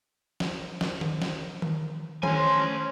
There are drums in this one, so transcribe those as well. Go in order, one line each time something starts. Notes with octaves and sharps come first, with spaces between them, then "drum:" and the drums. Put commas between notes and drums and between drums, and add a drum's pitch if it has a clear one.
drum: snare
drum: snare
drum: tom D#3
drum: snare
drum: tom D#3
A3 C#4 C5 G#5, drum: tom D#3